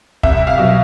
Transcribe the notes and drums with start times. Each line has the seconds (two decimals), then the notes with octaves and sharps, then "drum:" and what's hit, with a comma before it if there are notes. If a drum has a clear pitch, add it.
0.23 C2 E5, drum: kick
0.47 F5
0.58 B2 F#3